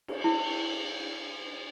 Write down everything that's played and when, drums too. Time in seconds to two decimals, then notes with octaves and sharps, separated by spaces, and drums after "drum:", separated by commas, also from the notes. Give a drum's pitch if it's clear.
0.08 drum: cymbal
0.24 E4